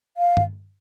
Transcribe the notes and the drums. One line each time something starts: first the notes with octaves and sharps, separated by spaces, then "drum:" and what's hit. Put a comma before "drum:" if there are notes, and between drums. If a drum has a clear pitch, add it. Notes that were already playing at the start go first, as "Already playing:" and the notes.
F5
drum: tom G2